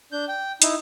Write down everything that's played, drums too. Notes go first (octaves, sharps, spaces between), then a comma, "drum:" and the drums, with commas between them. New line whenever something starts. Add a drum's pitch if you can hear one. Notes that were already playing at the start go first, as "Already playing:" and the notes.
D4 G6
G5
D#4 E4, drum: hi-hat